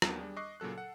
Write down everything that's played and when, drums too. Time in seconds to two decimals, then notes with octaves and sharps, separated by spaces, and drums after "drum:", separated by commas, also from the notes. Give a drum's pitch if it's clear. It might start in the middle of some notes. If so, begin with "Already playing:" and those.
0.02 D#2 D#3 F#3 A#3 B3 D4, drum: rim click
0.19 G3 D4 G#4
0.36 D#5 C#6 D6 F#6 C7
0.60 A#2 C#3 F#3 A4 F#6
0.75 A4 F#5